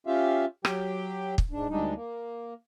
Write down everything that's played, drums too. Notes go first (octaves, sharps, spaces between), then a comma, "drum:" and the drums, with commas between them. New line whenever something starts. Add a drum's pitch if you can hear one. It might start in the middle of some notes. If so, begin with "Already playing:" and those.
C#4 F4 G4 E5 F5
F#3 G4 G5, drum: rim click
drum: kick
G#2 D4
D2 G3 G#3 D4 D#4
A#3